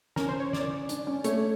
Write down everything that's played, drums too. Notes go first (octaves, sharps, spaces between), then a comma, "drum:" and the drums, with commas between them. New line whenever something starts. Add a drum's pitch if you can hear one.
C#4 A#4, drum: snare
C5
C#5
D5, drum: snare
D4, drum: hi-hat
C#4
A3 C#5, drum: hi-hat